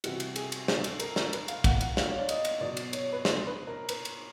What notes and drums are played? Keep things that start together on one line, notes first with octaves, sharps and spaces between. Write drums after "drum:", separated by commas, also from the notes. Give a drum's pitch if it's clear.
C3 E3 G3 F#4, drum: cymbal
drum: cymbal
G#4, drum: cymbal
drum: cymbal
A4, drum: snare
drum: cymbal
A#4, drum: cymbal
drum: snare
B4, drum: cymbal
F5, drum: cymbal
F#5, drum: kick, cymbal
F#5, drum: cymbal
F5, drum: snare
C#5
D5
D#5, drum: cymbal
drum: cymbal
B2 F#3 D5
drum: cymbal
C#5, drum: cymbal
B4
C5, drum: snare
B4
A#4
B4, drum: cymbal
drum: cymbal